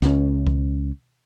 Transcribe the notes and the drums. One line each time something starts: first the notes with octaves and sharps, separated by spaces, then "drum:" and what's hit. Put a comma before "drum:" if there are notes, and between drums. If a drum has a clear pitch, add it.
C#2 C#4, drum: snare
drum: kick C#2